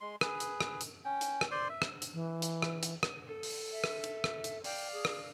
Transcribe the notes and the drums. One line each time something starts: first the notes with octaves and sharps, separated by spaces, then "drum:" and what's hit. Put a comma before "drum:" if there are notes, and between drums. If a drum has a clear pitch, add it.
G#3 C6
G#4 B4, drum: rim click
drum: hi-hat
drum: rim click
drum: hi-hat
C#4 G5
drum: hi-hat
drum: rim click
C5 D5 C6
E5
drum: rim click
drum: hi-hat
E3
drum: hi-hat
drum: rim click
drum: hi-hat
drum: rim click
A4
drum: open hi-hat
E5
drum: rim click
drum: hi-hat
drum: rim click
drum: hi-hat
D5 F5 G5, drum: open hi-hat
G#4
drum: rim click